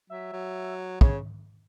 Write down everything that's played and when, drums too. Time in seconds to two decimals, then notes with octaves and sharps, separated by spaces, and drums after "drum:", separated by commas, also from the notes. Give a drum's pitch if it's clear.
0.10 F#3 E5
0.33 F#3
1.01 C#3 C#5, drum: kick